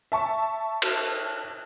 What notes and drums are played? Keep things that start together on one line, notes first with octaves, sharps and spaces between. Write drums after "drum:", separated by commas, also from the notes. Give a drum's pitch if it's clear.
E5 A5 C#6
drum: cymbal